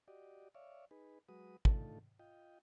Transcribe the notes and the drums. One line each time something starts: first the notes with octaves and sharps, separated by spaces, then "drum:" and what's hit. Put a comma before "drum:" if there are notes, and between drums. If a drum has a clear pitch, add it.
F#4 G4 D5 D#5
C#5 D5 E5 F5
D#4 G#4 B4
F#3 G#3 F#4 B4 D#6
A2 D3 A3 D#4 F4 A4, drum: kick
F4 D#5 G5